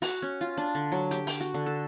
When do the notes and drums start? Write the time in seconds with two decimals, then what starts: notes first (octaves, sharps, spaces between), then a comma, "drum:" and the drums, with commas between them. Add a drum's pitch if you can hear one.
0.02 F#4, drum: open hi-hat
0.22 C#4
0.41 F4
0.57 D4
0.75 D3
0.92 F#3
1.11 G4, drum: hi-hat
1.27 G5, drum: open hi-hat
1.40 F#4
1.54 D3
1.66 A4